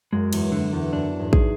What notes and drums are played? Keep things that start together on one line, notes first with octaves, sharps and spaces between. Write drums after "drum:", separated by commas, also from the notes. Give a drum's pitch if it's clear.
F#2 G#3
E2, drum: cymbal
F#2 D3
E2
F#2 D4
E2 G#2
G#4, drum: kick A1